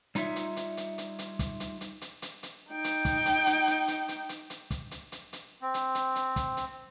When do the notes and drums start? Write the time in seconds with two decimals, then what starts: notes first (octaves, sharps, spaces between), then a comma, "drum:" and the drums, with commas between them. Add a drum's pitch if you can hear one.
0.15 G3 D#4 F4 C#5 E5, drum: hi-hat
0.36 drum: hi-hat
0.57 drum: hi-hat
0.77 drum: hi-hat
0.98 drum: hi-hat
1.19 drum: hi-hat
1.39 drum: kick, hi-hat
1.60 drum: hi-hat
1.81 drum: hi-hat
2.01 drum: hi-hat
2.22 drum: hi-hat
2.43 drum: hi-hat
2.71 D#4 G5
2.84 drum: hi-hat
3.05 drum: kick, hi-hat
3.26 drum: hi-hat
3.46 drum: hi-hat
3.67 drum: hi-hat
3.88 drum: hi-hat
4.08 drum: hi-hat
4.29 drum: hi-hat
4.50 drum: hi-hat
4.71 drum: kick, hi-hat
4.91 drum: hi-hat
5.12 drum: hi-hat
5.33 drum: hi-hat
5.62 C4
5.74 drum: hi-hat
5.95 drum: hi-hat
6.15 drum: hi-hat
6.36 drum: kick, hi-hat
6.57 drum: hi-hat